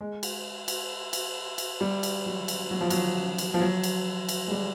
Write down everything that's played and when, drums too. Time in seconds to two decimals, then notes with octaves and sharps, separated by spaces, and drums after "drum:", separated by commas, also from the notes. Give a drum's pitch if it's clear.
0.01 G#3
0.23 drum: cymbal
0.68 drum: cymbal
1.13 drum: cymbal
1.58 drum: cymbal
1.81 G3
2.03 drum: cymbal
2.26 F#3
2.48 drum: cymbal
2.71 F#3
2.81 F3
2.90 F#3, drum: cymbal
3.38 drum: cymbal
3.54 F3
3.60 F#3
3.83 drum: cymbal
4.29 drum: cymbal
4.47 G#3
4.51 G3